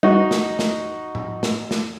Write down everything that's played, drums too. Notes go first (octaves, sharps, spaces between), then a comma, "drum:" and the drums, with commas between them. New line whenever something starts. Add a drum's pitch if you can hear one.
D#4 F#4, drum: tom G3
drum: snare
drum: snare
drum: tom A2
drum: snare
drum: snare